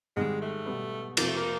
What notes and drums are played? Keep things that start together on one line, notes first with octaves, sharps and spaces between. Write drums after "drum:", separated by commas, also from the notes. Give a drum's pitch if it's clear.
G#2 D#3 G3 G#3
A3
B2 G3 B3
F2 C3 F3 A#3, drum: cymbal
A3
A#3